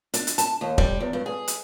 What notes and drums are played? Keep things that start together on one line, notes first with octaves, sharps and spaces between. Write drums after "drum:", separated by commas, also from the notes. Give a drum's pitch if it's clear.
D4, drum: hi-hat
drum: hi-hat
A5, drum: hi-hat
D#2
G3, drum: kick
E2
G2
G#4
drum: hi-hat